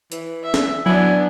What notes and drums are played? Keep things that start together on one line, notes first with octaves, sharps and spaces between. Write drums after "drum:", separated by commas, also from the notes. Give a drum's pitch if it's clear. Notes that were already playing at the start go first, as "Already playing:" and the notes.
E3, drum: hi-hat
E5
drum: snare
F#3 B3 D4 E4 G#5